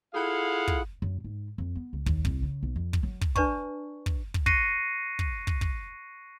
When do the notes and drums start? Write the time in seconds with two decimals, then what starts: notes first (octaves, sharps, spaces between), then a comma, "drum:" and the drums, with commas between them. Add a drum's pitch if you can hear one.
0.14 E4 F4 G#4 A4 F5 F#5
0.68 drum: kick
1.02 F#2
1.24 G#2
1.58 F2
1.75 B3
1.93 C#2
2.06 D#2, drum: kick
2.25 C2, drum: kick
2.43 C#3
2.63 B1
2.76 F2
2.93 drum: kick
3.03 F#3
3.21 drum: kick
3.36 D4 B4 D5 A5 C#6, drum: kick
4.06 drum: kick
4.34 drum: kick
4.46 C#6 F#6 A#6 C7 C#7 D#7, drum: kick
5.19 drum: kick
5.47 drum: kick
5.61 drum: kick